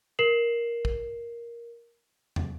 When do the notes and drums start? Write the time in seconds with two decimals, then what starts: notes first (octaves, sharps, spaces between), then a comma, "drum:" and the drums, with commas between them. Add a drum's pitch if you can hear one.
0.19 A#4 C7 E7 F#7
0.85 drum: kick
2.36 drum: tom